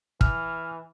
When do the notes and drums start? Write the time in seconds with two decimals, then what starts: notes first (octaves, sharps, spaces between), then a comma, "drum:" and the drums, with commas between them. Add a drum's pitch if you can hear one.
0.21 E3 F6, drum: kick